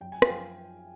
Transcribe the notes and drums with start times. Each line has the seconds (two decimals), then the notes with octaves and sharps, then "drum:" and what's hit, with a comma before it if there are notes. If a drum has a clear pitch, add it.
0.01 F#2 G5
0.12 G#5
0.22 F3 F5 G5, drum: rim click